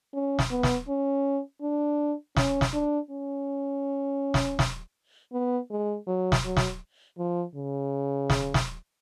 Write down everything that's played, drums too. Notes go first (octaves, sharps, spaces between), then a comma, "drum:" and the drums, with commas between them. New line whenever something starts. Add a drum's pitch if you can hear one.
C#4
drum: snare
B3
drum: snare
C#4
D4
C#4, drum: snare
drum: snare
D4
C#4
drum: snare
drum: snare
B3
G#3
F#3
drum: snare
F#3
drum: snare
F3
C#3
drum: snare
drum: snare